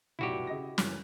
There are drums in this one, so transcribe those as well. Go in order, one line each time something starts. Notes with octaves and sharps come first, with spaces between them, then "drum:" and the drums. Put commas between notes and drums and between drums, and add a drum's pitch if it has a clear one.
F1 B1 G2 E4 F#4 G4
C#3 D#5 A#6
C#2 F#2 E3, drum: snare